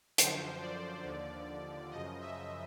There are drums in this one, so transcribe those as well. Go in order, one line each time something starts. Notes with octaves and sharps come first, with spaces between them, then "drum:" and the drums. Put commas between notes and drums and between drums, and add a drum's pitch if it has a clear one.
F#2 D3 F3 C5, drum: hi-hat
D5
D#2 D3 F3
F#2 C#3 F3 D#5
E5